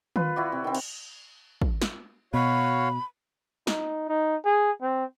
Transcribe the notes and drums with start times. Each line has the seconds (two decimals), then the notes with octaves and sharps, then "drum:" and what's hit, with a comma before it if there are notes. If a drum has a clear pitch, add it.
0.16 F4 B4, drum: tom D#3
0.36 E4 F#4 D5
0.52 C3
0.64 D#3 C4
0.75 drum: cymbal
1.62 drum: kick
1.82 drum: snare
2.34 B2 F#4 C#5 F5 B5
3.67 D#4, drum: snare
4.09 D#4
4.45 G#4
4.82 C4